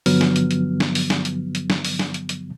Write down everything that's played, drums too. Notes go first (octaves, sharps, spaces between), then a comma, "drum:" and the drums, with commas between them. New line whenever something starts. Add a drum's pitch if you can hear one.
G2 D3 F3 F#3 B3 F6, drum: open hi-hat
drum: snare
drum: hi-hat
drum: hi-hat
drum: snare
drum: open hi-hat
drum: snare
drum: hi-hat
drum: hi-hat
drum: snare
drum: open hi-hat
drum: snare
drum: hi-hat
drum: hi-hat